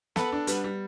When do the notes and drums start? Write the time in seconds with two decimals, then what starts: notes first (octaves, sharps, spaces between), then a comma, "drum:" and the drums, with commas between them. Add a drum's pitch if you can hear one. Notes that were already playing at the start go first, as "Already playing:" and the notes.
0.16 B3 A4 B4, drum: snare
0.32 D4
0.47 G3 B3 B4, drum: hi-hat
0.64 G3